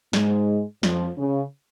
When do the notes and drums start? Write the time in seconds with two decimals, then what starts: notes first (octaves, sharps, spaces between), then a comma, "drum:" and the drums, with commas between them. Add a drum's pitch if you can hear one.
0.13 G#2 G#3, drum: snare
0.83 F2 F3, drum: snare
1.18 C#3